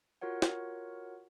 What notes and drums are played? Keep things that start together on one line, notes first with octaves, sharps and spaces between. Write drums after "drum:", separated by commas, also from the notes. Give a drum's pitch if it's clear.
F4 F#4 A#4 C#5 F#5
drum: snare